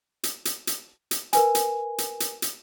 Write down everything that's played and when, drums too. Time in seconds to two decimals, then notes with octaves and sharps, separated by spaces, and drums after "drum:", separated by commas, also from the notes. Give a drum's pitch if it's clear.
0.23 drum: hi-hat
0.45 drum: hi-hat
0.67 drum: hi-hat
1.11 drum: hi-hat
1.33 A#4 B4 G#5, drum: hi-hat
1.55 drum: hi-hat
1.98 drum: hi-hat
2.20 drum: hi-hat
2.42 drum: hi-hat